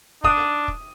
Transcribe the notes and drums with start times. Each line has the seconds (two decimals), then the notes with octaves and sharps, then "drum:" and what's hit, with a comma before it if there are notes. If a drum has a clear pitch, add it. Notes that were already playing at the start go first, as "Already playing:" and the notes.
0.24 D4 D#6, drum: kick
0.68 drum: kick